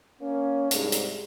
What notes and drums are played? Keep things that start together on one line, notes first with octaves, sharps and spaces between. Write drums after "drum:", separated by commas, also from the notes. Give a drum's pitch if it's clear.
A#3 C#4
C2 G#2, drum: hi-hat
drum: hi-hat